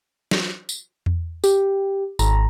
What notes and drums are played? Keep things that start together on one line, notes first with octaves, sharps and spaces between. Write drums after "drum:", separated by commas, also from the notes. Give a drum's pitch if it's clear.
drum: snare
drum: tambourine
drum: tom E2
G4, drum: tambourine
G#1 A#5, drum: tambourine